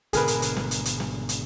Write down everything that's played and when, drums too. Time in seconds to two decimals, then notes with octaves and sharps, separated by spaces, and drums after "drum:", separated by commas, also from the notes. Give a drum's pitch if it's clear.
0.13 G#1 B2 D3 G#4 A#4 B4, drum: hi-hat
0.28 drum: hi-hat
0.42 drum: hi-hat
0.57 drum: snare
0.71 drum: hi-hat
0.85 drum: hi-hat
1.00 drum: snare
1.29 drum: hi-hat